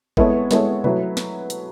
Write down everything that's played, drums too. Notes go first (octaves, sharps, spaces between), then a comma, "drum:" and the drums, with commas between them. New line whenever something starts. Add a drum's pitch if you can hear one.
G#3 B3 E4 A4 C#5, drum: kick
G#3 B3 E4 A4 C#5, drum: snare
F#3 A3 E4 B4, drum: tom B2
drum: snare
drum: hi-hat